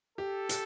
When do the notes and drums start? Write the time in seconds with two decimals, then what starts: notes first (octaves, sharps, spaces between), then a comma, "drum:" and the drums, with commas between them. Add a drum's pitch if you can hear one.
0.18 G4 A4
0.49 drum: hi-hat